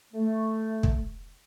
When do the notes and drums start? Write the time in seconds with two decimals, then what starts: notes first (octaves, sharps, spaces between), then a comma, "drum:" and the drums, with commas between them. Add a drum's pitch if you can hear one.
0.13 A3
0.83 drum: kick